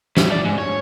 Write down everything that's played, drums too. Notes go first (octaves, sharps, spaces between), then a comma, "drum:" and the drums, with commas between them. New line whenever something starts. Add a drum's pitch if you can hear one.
A2 G3, drum: snare
A3 D5
G#2
C#5